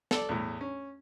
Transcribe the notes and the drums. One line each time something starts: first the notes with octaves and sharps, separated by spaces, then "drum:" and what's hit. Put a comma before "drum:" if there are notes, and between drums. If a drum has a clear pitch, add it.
A4 D5, drum: snare
E2 A2
C#4